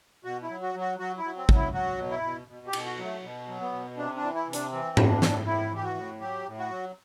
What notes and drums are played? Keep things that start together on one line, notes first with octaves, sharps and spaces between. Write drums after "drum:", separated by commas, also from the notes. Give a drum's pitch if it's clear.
B2 F#4
E4
F#3
F#4
F#3
F#4
F#3 F#4
E4
F#3
C4
F#3, drum: kick G#1
E4
F#3 F#4
B2
E4
B2
B2
G4
B2, drum: cymbal
F#4
F#3
A3
B2
F#3
B3
B2
C3 D4
D4
E3
E4
C3
D4, drum: hi-hat
E3 C4
A2 C4, drum: tom G#2
D4
A2, drum: snare
A2 E4
E3 G4
F#4
A2
F#3 G4
A2
F#4
F#3